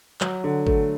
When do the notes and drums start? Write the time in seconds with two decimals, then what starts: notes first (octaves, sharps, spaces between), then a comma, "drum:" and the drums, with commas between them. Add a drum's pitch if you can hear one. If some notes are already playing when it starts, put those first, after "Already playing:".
0.21 F#3, drum: clap
0.44 D3
0.67 A3, drum: kick